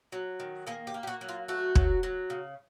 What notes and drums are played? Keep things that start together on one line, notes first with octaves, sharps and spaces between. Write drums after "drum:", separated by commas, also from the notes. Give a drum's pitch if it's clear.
F#3
D#3
A#3 G#4
G4
A#3
G4
F#4
F#3
F4
A3 F#4
F#3, drum: kick
F#3
C#3